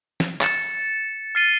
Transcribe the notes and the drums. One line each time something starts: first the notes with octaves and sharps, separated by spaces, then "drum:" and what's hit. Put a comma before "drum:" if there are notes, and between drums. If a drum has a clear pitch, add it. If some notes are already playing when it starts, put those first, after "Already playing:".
drum: snare
A6 C#7 E7, drum: clap
F6 A6 C7 D#7 G7